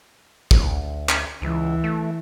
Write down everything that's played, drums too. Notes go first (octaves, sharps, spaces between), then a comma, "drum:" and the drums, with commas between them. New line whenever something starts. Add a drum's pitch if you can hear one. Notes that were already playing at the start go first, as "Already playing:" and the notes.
D2, drum: kick
drum: clap
C#2 E3
A3